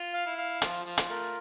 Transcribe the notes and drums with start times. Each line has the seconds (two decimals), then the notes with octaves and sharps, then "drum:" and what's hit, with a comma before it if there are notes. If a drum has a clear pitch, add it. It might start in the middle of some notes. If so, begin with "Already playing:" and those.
Already playing: F4
0.14 F5
0.26 E4
0.38 F5
0.62 F3 F4, drum: hi-hat
0.85 F3 F4
0.98 drum: hi-hat
1.09 A3 A#4